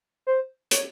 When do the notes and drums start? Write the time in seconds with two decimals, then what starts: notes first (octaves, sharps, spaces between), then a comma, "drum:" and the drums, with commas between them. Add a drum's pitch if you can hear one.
0.27 C5
0.71 C#5, drum: hi-hat